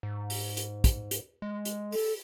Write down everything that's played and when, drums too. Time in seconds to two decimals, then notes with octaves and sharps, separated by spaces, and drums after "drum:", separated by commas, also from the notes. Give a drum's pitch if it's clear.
0.03 G#2
0.30 drum: open hi-hat
0.57 drum: hi-hat
0.84 drum: kick, hi-hat
1.11 drum: hi-hat
1.42 G#3
1.65 drum: hi-hat
1.92 A4, drum: open hi-hat